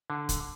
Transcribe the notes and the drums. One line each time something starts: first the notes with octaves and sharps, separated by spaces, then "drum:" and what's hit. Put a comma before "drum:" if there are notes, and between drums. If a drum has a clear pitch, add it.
D3
drum: kick, hi-hat